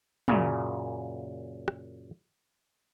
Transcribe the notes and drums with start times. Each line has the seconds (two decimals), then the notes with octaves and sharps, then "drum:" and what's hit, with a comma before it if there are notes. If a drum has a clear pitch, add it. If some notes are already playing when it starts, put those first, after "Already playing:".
0.28 F#2 A#2 C#3, drum: tom
1.68 drum: rim click